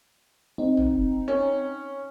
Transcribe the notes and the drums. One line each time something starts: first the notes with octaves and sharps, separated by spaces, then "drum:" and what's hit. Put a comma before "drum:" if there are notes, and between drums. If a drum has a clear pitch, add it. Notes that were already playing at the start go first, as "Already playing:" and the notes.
C4 D#4
drum: tom
C#4